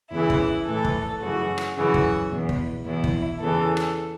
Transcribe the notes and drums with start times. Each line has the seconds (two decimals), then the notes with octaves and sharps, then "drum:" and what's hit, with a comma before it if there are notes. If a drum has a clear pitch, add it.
0.11 E2 C#3 E3 E4
0.30 drum: kick
0.67 A2 E3 A4
0.85 drum: kick
1.21 F#2 C#3 E3 F#4
1.58 drum: rim click
1.76 F#2 C#3 E3 F#4
1.94 drum: kick
2.31 E2 B2
2.49 drum: kick
2.85 E2 B2 E4
3.04 drum: kick
3.41 E2 C#3 E3 A4
3.77 drum: rim click